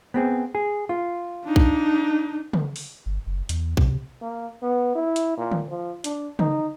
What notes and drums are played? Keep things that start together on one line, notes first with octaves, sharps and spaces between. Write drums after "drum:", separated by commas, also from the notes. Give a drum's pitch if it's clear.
B3 C4 G#4
G#4
F4
D4 D#4
drum: kick A#1
drum: tom C#3
drum: open hi-hat
G1
F#1
E2, drum: hi-hat
C3, drum: kick A#1
A#3
B3
E4
drum: hi-hat
A#2
drum: tom D3
F3
D4, drum: hi-hat
D#4, drum: tom C#3